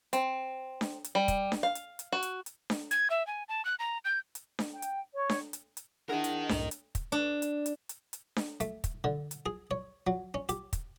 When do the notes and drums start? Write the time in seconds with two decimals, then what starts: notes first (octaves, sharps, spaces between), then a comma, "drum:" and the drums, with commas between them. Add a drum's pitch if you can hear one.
0.13 C4, drum: hi-hat
0.81 drum: snare D4
1.04 drum: hi-hat
1.15 G3
1.28 drum: kick, hi-hat
1.52 drum: snare D4
1.63 F5
1.75 drum: hi-hat
1.99 drum: hi-hat
2.12 F#4
2.23 drum: hi-hat
2.46 drum: hi-hat
2.70 drum: snare D4
2.91 G#6, drum: hi-hat
3.10 E5
3.27 G#5
3.49 A5
3.65 F#6
3.79 A#5
4.05 G6
4.35 drum: hi-hat
4.59 drum: snare D4
4.73 G5
4.82 drum: hi-hat
5.14 C#5
5.29 drum: snare D4
5.53 drum: hi-hat
5.77 drum: hi-hat
6.09 D4 E4 G#4 A#4 D#5 F#5
6.24 drum: hi-hat
6.49 C2 F#2 A2, drum: snare D4
6.71 drum: hi-hat
6.95 drum: kick, hi-hat
7.12 D4
7.42 drum: hi-hat
7.66 drum: hi-hat
7.89 drum: hi-hat
8.13 drum: hi-hat
8.36 drum: snare D4
8.60 A3, drum: hi-hat
8.84 drum: kick, hi-hat
9.04 D3
9.31 drum: hi-hat
9.46 G#4
9.71 C#5
10.07 F#3
10.34 C#4
10.49 G4, drum: hi-hat
10.73 drum: kick, hi-hat